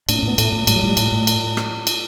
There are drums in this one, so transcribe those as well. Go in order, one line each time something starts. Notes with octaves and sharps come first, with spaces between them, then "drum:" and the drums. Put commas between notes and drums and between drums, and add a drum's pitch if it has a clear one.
A2 D4, drum: cymbal
C#4
A2 B3
A2 A3, drum: cymbal
A2
A2 G3, drum: cymbal
F#3
A2 G3
A2, drum: cymbal
A2
drum: cymbal
drum: rim click
drum: cymbal